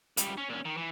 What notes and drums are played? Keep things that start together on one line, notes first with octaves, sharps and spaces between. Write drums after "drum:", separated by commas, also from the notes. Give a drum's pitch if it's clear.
C#2 G3, drum: hi-hat
C#4
A#2 C#4
D#3
E3